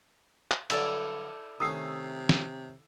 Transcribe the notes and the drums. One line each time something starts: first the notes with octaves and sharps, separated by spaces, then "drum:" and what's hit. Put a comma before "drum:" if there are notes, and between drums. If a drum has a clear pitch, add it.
drum: clap
G2 D3 F#3 E4 A4 D5, drum: cymbal
C3 D#3 A3 C#4 D#6 E6 C7
drum: snare